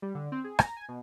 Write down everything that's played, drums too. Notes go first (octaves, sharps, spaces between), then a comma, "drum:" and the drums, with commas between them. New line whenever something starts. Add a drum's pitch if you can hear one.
G3
D3
C4
G#4
A#5, drum: rim click
G#5
B2